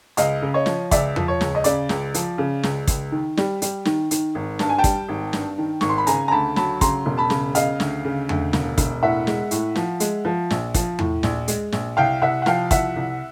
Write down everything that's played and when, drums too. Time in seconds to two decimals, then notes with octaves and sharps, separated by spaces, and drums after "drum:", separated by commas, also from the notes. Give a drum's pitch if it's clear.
0.17 C#2 D#5 F5, drum: hi-hat
0.42 C#3
0.54 C#5 D#5
0.66 F3, drum: snare
0.91 C#2 D5 E5, drum: kick, hi-hat
1.16 F3, drum: tom E2
1.28 C#5
1.41 C#2, drum: snare
1.55 D#5
1.64 C#3 D5, drum: hi-hat
1.89 C#2, drum: snare
2.14 F3, drum: hi-hat
2.38 C#3
2.63 C#2, drum: snare
2.87 C#2, drum: kick, hi-hat
3.12 D#3
3.37 G3, drum: snare
3.62 G3, drum: hi-hat
3.85 D#3, drum: snare
4.11 D#3, drum: hi-hat
4.35 G#1
4.59 G2 A5, drum: snare
4.69 G#5
4.78 G5 A5
4.84 G3, drum: kick, hi-hat
5.08 G#1
5.33 G2, drum: snare
5.58 D#3
5.81 G#1 C#6, drum: snare
5.89 C6
5.98 B5
6.07 C#3 G#5 A#5, drum: hi-hat
6.28 A#5
6.31 D2 A5 B5
6.56 F#3 A5 B5, drum: snare
6.81 C#3 A#5 C6, drum: kick, hi-hat
7.06 E1
7.18 A5 B5
7.30 C#3, drum: snare
7.55 C#3 D#5 F5, drum: hi-hat
7.80 D2, drum: snare
8.04 C#3
8.29 D2, drum: tom E2
8.53 E1, drum: snare
8.78 E1, drum: kick, hi-hat
9.02 A2 E5 F#5
9.27 G#3, drum: snare
9.51 A2, drum: hi-hat
9.76 F3, drum: snare
10.00 G#3, drum: hi-hat
10.25 F3
10.50 A#1, drum: snare
10.74 F3, drum: kick, hi-hat
10.99 A2, drum: tom E2
11.23 A#1, drum: snare
11.48 G#3, drum: hi-hat
11.72 A#1, drum: snare
11.97 C2 F5 G5
12.22 C2 E5 F#5
12.42 F#5
12.46 F3 F5 G5, drum: snare
12.71 C2 E5 F#5, drum: kick, hi-hat
12.96 C2